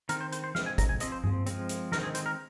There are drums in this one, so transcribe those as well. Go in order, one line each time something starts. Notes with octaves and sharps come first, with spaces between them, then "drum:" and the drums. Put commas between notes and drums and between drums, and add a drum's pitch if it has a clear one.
D#3 C4 A#4, drum: hi-hat
C5
C5, drum: hi-hat
C5
F3 G#3 C4 F5, drum: snare
G#5
A#5, drum: kick, hi-hat
G#5
F3 C4 D#5, drum: hi-hat
C5
G#4, drum: tom G2
F3 G#3 C4, drum: hi-hat
drum: hi-hat
D#3 G#3 C4 A#4, drum: snare
G#4
C5, drum: hi-hat
A#4